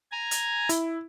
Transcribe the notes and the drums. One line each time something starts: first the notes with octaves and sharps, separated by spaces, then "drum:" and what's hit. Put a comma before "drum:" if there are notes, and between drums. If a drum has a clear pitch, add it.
G#5 A#5
drum: hi-hat
E4, drum: hi-hat